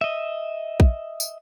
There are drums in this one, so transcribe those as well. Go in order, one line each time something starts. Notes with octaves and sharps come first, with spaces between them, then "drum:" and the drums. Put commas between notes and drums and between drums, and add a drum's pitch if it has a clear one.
D#5 E5
drum: kick
drum: tambourine